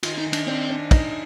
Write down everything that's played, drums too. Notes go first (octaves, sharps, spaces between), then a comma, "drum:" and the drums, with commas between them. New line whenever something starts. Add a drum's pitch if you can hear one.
D#3 F4, drum: cymbal
D#4
D#3
D4, drum: cymbal
C4 D4
D4
D#4, drum: kick, cymbal